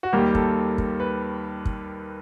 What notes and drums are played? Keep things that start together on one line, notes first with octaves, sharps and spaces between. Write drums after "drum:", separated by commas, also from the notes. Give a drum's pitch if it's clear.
F#4
D#2 D#3 G3 A#3 G4
A4, drum: kick
drum: kick
B4
drum: kick